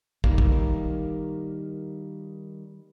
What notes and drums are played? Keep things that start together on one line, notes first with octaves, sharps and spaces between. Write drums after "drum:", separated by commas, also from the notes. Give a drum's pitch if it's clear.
D#3 G3 A#3, drum: kick
drum: kick